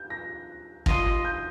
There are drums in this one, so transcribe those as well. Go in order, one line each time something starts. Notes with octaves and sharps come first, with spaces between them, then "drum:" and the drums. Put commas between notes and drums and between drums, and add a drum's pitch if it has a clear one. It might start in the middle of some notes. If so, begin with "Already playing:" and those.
Already playing: G6
A#6
F4 D#5 C6 A#6, drum: kick
A#6
G6